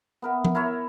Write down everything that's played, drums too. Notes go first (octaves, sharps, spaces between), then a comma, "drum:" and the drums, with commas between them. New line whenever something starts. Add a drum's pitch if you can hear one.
B3 A#4 E5
drum: tom F3
E4 A#4 C#5 E5